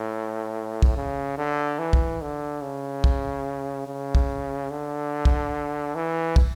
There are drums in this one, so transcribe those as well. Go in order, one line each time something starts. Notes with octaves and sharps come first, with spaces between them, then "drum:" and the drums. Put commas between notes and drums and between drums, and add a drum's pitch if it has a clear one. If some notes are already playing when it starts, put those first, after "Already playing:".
Already playing: A2
drum: kick
C#3
D3
E3
drum: kick
D3
C#3
drum: kick
C#3
drum: kick
D3
drum: kick
E3
drum: kick